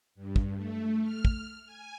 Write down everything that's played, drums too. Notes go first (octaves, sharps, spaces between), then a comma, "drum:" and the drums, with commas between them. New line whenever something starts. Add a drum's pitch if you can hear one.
G2
drum: kick
A3
F6
drum: kick
G#5